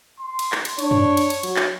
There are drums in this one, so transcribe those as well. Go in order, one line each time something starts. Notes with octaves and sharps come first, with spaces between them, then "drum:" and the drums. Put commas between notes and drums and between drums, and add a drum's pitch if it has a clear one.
C6
drum: cymbal
drum: clap
drum: cymbal
D4 C#5, drum: cymbal
drum: tom F#2
drum: cymbal
drum: cymbal
F#3, drum: cymbal
drum: clap